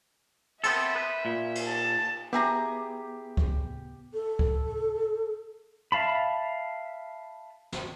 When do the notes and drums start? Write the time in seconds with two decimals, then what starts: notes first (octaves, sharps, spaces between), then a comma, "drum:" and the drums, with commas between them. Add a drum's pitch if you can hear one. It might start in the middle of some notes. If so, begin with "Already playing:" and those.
0.64 B3 C4 A4 E5, drum: cymbal
0.96 B4
1.25 A#2
1.55 drum: cymbal
1.68 A5
2.33 B3 E4 G4 G#4 A#5
3.37 drum: kick C#2
4.14 A4
4.39 drum: kick C#2
5.92 E5 F5 A5 B5
7.72 drum: snare